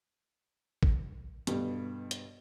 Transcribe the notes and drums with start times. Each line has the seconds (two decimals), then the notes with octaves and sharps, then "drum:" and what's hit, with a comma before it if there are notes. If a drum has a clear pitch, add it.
0.83 drum: kick A1
1.47 G2 B2 D3, drum: hi-hat
2.11 drum: hi-hat